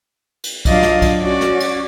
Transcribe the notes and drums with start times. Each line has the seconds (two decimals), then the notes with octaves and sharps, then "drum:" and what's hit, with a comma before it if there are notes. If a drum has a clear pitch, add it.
0.44 drum: cymbal
0.65 F#3 D4 F4 D5 D#5 F5, drum: kick B1, cymbal
0.82 drum: snare
1.02 drum: kick B1, cymbal
1.21 C#4 F#4 D5
1.41 drum: snare
1.60 drum: cymbal